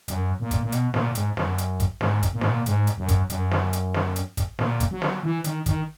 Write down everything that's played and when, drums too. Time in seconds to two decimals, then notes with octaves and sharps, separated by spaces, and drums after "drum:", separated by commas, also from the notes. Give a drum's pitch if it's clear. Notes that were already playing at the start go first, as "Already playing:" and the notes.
0.08 F#2, drum: hi-hat
0.40 A#2
0.51 drum: kick, hi-hat
0.63 A#2
0.72 B2, drum: hi-hat
0.94 A#2, drum: snare
1.15 G#2, drum: hi-hat
1.37 F#2, drum: snare
1.58 drum: hi-hat
1.80 drum: kick, hi-hat
2.01 G#2, drum: snare
2.23 drum: kick, hi-hat
2.33 A#2
2.41 G#2, drum: snare
2.49 A#2
2.66 G#2, drum: hi-hat
2.87 drum: hi-hat
2.98 F#2
3.08 drum: kick, hi-hat
3.30 F#2, drum: hi-hat
3.51 drum: snare
3.73 drum: hi-hat
3.94 drum: snare
4.16 drum: hi-hat
4.37 drum: kick, hi-hat
4.59 A#2, drum: snare
4.80 drum: kick, hi-hat
4.91 F#3
5.02 drum: snare
5.23 E3
5.44 D#3, drum: hi-hat
5.66 D#3, drum: kick, hi-hat